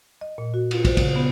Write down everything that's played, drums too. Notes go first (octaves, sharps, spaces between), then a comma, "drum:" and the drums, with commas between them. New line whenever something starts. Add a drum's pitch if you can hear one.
D#5
A#2
F#4
F4, drum: cymbal
C5, drum: kick, cymbal
C#3, drum: kick, cymbal
B3